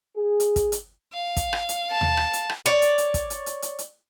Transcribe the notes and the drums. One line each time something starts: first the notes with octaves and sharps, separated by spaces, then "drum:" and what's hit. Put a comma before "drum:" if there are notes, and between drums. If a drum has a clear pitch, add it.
G#4
drum: hi-hat
drum: kick, hi-hat
drum: hi-hat
F5
drum: kick, hi-hat
drum: rim click
drum: hi-hat
A5
drum: tom D#2
drum: rim click
drum: hi-hat
drum: rim click
C#5 D5
drum: hi-hat
drum: hi-hat
drum: kick, hi-hat
drum: hi-hat
drum: hi-hat
drum: hi-hat
drum: hi-hat